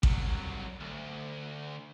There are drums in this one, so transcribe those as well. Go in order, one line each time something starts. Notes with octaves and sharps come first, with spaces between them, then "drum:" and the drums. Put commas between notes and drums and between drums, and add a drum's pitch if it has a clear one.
C2 F#3, drum: kick A1
D2